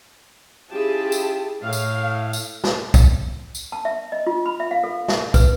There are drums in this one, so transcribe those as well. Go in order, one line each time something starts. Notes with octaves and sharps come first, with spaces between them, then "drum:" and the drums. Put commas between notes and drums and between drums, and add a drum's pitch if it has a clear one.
C#4 E4 F4 G4 G#4 A5
drum: tambourine
A2 F5
drum: tambourine
drum: tambourine
drum: snare
drum: kick, tambourine
drum: tambourine
A5
E5
D#5
F4
B5
E5
F5
A4
E5, drum: snare
B4, drum: kick, tambourine